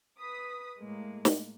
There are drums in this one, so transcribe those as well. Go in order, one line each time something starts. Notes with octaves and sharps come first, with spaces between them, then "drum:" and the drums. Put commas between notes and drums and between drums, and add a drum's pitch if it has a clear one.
B4 D#6 B6
A2 G#3 A#3
drum: snare